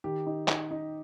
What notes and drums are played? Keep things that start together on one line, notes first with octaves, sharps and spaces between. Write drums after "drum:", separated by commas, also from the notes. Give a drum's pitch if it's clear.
D#3 G4
D#4
D#4, drum: clap
D#4